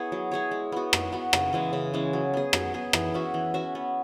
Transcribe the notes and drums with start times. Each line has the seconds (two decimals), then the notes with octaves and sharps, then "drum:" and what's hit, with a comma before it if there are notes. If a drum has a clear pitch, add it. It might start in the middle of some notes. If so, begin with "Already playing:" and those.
Already playing: B3 E4 G#4 C#5
0.12 F#3
0.31 E4 G#4 C#5
0.51 G#3
0.72 B3 F#4
0.93 G#3, drum: rim click
1.12 B3 F#4
1.33 C#3, drum: rim click
1.53 E3 G#3 C#4
1.73 C#3
1.94 E3 G#3 C#4
2.13 F#3
2.34 B3 G#4
2.53 F#3, drum: rim click
2.74 B3 G#4
2.93 E3, drum: rim click
3.14 C#4 F#4 E5
3.34 E3
3.54 C#4 F#4 E5
3.75 B3